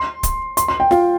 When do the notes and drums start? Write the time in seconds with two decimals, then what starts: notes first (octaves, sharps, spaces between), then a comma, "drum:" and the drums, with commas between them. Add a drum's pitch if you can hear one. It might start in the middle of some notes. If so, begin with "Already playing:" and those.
Already playing: C6
0.23 drum: kick C#1, hi-hat
0.57 C6, drum: hi-hat
0.68 C6
0.80 G5
0.91 F4, drum: snare